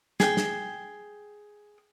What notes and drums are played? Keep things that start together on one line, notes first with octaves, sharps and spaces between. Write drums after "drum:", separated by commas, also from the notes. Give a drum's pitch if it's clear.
G#4 G5, drum: snare
drum: snare